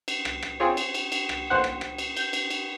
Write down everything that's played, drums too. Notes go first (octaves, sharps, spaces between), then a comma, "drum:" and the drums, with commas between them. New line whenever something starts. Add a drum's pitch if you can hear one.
drum: cymbal
drum: rim click
drum: rim click
C4 F4 G#4 C#5
drum: cymbal
drum: cymbal
drum: cymbal
drum: rim click
A1 D#2 C5 F#5
drum: rim click
drum: rim click
drum: cymbal
G6, drum: cymbal
drum: cymbal
drum: cymbal